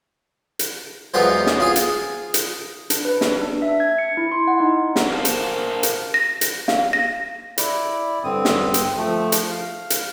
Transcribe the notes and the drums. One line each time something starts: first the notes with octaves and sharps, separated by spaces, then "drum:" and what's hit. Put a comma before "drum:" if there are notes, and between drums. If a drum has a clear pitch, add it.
drum: hi-hat
E2 F#3 G#3 B3 F4 C5
drum: snare
F4 G#4
drum: hi-hat
drum: hi-hat
D4, drum: hi-hat
B4
drum: snare
D4
E5
G#6
C#7
E4
C6
F#5
D#4
drum: snare
A#4 C5 F5 G#5 A5
drum: hi-hat
drum: hi-hat
A#6
drum: hi-hat
F5, drum: snare
A#6
E4 D5, drum: hi-hat
G2 D3 C4 D#6
drum: snare
drum: hi-hat
F3 A3
drum: hi-hat
F5
drum: hi-hat